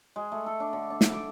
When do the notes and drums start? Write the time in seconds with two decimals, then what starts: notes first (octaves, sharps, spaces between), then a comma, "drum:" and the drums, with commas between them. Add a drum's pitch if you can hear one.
0.16 G#3
0.32 A3
0.46 A4
0.60 D4
0.73 D3
0.90 D4
1.01 drum: snare
1.12 D6